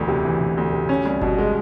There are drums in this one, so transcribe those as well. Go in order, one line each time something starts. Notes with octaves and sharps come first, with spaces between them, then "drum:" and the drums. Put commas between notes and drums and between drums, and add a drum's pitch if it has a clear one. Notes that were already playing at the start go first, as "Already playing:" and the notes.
Already playing: E1 D2 E3
C3
E3
E1
D2
C3
C#4
C2
B2, drum: kick G1
G#3